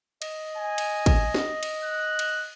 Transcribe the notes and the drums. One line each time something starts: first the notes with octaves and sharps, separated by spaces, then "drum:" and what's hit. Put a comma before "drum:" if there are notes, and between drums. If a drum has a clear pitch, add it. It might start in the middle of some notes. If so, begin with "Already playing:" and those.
D#5, drum: cymbal
G#5
drum: cymbal
drum: kick, cymbal
drum: snare
drum: cymbal
F#6
drum: cymbal